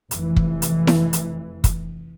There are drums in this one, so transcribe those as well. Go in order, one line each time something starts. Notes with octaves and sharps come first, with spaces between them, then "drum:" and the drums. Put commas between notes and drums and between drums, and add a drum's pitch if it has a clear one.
F1 E3, drum: hi-hat
drum: kick
drum: hi-hat
drum: snare E4
drum: hi-hat
drum: kick, hi-hat